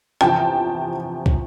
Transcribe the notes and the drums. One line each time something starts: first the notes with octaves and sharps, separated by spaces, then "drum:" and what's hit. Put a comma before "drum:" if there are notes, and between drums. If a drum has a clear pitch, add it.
E2 C3 F3 G5 A5, drum: rim click
drum: kick